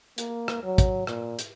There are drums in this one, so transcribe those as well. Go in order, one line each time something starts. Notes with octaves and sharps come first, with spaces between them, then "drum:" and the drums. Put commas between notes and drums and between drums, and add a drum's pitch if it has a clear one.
A#3, drum: hi-hat
drum: rim click
F#3
drum: kick, hi-hat
A#2, drum: rim click
drum: hi-hat